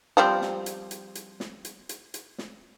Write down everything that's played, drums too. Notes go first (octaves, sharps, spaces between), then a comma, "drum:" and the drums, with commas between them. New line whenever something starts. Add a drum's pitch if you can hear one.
F3 G3 C4
drum: snare
drum: hi-hat
drum: hi-hat
drum: hi-hat
drum: snare
drum: hi-hat
drum: hi-hat
drum: hi-hat
drum: snare